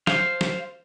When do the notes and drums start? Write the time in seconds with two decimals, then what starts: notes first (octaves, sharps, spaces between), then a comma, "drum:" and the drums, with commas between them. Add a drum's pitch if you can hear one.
0.07 C5 F5, drum: snare
0.41 drum: snare